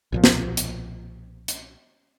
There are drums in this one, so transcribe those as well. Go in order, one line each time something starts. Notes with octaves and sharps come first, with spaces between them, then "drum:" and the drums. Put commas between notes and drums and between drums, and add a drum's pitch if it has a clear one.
B1 A#2 F3
drum: snare
drum: hi-hat
drum: hi-hat